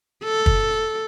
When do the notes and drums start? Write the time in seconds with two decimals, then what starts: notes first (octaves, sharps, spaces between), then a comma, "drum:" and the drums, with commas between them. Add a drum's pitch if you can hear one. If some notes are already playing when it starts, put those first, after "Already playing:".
0.24 A4
0.46 drum: kick